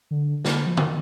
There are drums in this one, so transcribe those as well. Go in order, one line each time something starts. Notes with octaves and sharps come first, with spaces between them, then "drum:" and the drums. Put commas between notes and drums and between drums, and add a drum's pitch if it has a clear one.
D3
D3, drum: snare
F3
D#3, drum: tom C#3